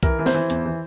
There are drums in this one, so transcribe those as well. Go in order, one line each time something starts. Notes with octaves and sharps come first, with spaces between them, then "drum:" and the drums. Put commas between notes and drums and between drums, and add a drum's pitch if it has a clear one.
E3 A#4, drum: kick C2, hi-hat
E3
C5, drum: snare
E3
E2, drum: hi-hat
E3